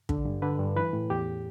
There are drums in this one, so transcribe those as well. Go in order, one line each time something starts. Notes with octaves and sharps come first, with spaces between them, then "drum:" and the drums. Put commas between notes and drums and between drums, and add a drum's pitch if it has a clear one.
D3, drum: kick
G2
D3 B4
G2
E3 B4
A2
E2 G4